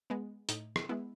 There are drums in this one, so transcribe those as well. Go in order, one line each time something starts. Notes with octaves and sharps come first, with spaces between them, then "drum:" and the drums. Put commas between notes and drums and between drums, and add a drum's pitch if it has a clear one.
G#3 B3
A2 D#4, drum: hi-hat
drum: rim click
G#3 B3 E4